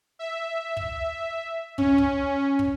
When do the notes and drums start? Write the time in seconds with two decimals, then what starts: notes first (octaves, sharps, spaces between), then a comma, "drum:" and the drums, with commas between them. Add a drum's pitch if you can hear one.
0.19 E5
0.77 drum: kick
1.78 C#4, drum: kick
1.98 drum: kick
2.59 drum: kick